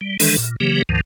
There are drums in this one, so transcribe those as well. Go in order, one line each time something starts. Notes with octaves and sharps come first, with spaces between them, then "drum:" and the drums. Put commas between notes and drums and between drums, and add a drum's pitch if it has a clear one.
G3
D#3 E3 G#3 D4 A4, drum: open hi-hat
A#2
C#3 E3 F#3 A#3 G4
D2 G#2 D#3 F3